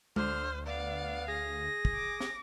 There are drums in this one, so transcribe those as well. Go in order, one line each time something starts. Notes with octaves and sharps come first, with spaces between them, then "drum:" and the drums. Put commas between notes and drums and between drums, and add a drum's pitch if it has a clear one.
D2 D3 C5 F6, drum: tom G#3
B3 D5 F5
G#4 A#6
drum: kick
D6
drum: snare